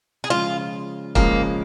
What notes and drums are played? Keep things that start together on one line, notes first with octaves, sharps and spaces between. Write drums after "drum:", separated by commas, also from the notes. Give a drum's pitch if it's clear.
G#4
C#3 F3 G#3 F4
C#3 F3 G#3 A#3, drum: kick